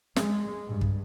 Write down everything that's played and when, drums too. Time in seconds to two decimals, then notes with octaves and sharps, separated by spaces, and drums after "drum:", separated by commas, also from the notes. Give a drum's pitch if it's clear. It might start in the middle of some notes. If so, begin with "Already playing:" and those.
0.16 G#3, drum: snare
0.68 G2
0.81 drum: kick